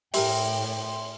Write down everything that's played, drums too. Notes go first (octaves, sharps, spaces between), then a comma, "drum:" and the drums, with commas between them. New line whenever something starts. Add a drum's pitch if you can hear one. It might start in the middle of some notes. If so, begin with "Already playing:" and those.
A2 G4 A#4 E5 G5 C6, drum: open hi-hat